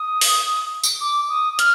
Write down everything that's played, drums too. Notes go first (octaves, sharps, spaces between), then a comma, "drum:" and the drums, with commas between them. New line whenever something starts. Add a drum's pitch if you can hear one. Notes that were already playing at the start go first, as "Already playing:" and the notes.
Already playing: D#6
drum: open hi-hat
drum: tambourine
D6
D#6
F6, drum: hi-hat